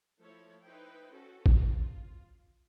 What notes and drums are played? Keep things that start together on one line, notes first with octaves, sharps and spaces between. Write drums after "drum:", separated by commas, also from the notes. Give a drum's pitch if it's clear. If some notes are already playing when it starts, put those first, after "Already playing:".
F3 A3 E4 A4 C#5
D#4 E4 B4 C5 G5
C#4 F#4 A4
F4, drum: kick G#1